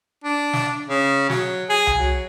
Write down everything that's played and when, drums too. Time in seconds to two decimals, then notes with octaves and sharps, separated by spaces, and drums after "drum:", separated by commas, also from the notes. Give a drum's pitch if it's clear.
0.24 D4
0.53 drum: snare
0.88 C#3
1.30 F#3, drum: snare
1.69 G#4
1.87 drum: tom C2
1.98 F#3